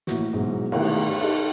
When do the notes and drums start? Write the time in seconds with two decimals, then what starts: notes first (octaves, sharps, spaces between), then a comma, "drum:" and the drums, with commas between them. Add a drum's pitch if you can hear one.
0.07 A1 A2 A#3 F#4, drum: snare
0.33 G#2 B2 E3 F#3 G#3
0.72 D#3 A3 D#4 E4 A#4, drum: cymbal
1.22 D#4 G4 A4 D#5